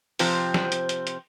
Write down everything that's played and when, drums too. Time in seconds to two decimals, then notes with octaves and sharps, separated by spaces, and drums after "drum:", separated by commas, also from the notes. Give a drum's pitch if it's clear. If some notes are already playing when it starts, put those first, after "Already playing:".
0.19 C3 F3 C4, drum: open hi-hat
0.54 drum: snare
0.72 drum: hi-hat
0.89 drum: hi-hat
1.07 drum: hi-hat